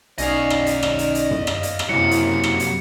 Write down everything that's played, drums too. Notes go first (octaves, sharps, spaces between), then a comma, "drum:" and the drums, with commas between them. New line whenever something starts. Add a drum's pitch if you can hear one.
B1 C#4 D#4 D5 D#5 F5, drum: hi-hat
drum: rim click
drum: hi-hat
drum: rim click
drum: hi-hat
drum: hi-hat
drum: tom
drum: rim click
drum: hi-hat
drum: rim click
F#2 C3 F#3 A#3 E4 C#7
drum: hi-hat
drum: rim click
drum: hi-hat